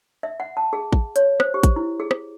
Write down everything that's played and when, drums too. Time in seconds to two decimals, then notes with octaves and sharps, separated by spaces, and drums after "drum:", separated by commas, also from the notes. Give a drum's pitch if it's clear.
0.23 E5
0.40 F#5
0.57 A5
0.73 G#4
0.93 drum: kick A1
1.16 C#5, drum: hi-hat
1.40 C5, drum: rim click
1.54 G4
1.63 drum: kick A1, hi-hat
1.76 E4
2.00 G#4
2.11 drum: rim click